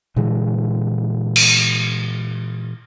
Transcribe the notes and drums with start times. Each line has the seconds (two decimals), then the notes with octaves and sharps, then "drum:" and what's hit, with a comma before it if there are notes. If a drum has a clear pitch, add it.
0.16 A#2 D3 E3 G#3
1.36 drum: cymbal